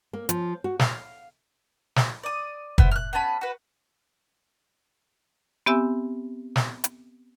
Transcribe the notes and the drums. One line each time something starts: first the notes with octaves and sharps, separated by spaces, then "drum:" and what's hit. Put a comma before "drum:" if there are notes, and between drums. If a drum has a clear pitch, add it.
A#3
F3, drum: hi-hat
F#4
F5, drum: snare
drum: snare
D5 D#6
B3 E4 C5, drum: kick
F6 F#6
B3 C#4 A5 B5
F#4 B4
B3 C4 G4 E5 G#5 E6
drum: snare
drum: hi-hat